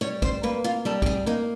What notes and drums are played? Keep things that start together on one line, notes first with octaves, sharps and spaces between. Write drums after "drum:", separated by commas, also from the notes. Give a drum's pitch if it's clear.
G3 C#5
C5, drum: kick
A#3 B4
F4
G3 A4
G4, drum: kick
G#4
A#3 D#4